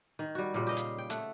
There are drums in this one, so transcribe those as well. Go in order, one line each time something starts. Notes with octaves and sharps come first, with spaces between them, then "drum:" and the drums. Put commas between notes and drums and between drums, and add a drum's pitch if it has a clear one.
D#3
G3 F#4
A#2 C#3 G3
G4 D#5 F5
drum: hi-hat
G5
A3 F#5, drum: hi-hat